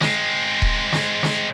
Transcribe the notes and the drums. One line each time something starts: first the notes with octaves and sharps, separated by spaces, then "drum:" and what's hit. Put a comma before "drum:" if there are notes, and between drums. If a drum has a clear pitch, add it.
G#3 C4, drum: snare
drum: kick D#1
drum: snare
drum: snare